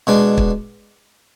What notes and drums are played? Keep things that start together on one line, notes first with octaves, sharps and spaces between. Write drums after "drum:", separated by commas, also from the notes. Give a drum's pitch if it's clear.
B2 G#3 D4
drum: kick